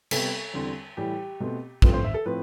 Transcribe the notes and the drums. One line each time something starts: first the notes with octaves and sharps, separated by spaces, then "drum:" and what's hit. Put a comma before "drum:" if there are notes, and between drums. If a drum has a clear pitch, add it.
C3 G3 B3 A4, drum: cymbal
E2 D3 G3 C4
A2 E3 G3 G4
B2 A3 C4
G2 F3 A3 C4 B4, drum: kick
C5
E5
A4
A2 F3 C4 B4